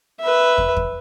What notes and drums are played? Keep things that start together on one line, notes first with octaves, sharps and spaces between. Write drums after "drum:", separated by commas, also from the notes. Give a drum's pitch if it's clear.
B4 E5
drum: kick
drum: kick